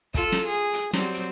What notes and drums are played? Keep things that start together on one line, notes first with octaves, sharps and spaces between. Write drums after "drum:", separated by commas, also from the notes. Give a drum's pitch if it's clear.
F4 A4, drum: kick, hi-hat
drum: snare
G#4
drum: hi-hat
F#3 G3 C4, drum: snare
drum: hi-hat